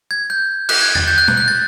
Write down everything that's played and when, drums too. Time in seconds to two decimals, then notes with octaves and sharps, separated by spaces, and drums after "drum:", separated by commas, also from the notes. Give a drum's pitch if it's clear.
0.11 G#6
0.30 G6
0.69 F#6, drum: cymbal
0.82 G#6
0.95 A6, drum: tom E2
1.08 G6
1.18 F#6
1.28 F#6, drum: tom
1.37 G6
1.48 A6